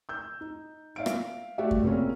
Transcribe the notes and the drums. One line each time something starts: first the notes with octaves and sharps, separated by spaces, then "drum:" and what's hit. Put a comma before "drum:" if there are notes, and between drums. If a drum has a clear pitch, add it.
E6 G6
D#4
E5 F5 D7
drum: rim click
A3 F#4 G4 D5 E5
drum: kick F#2
A#2 C#3 A#3 C4 C#4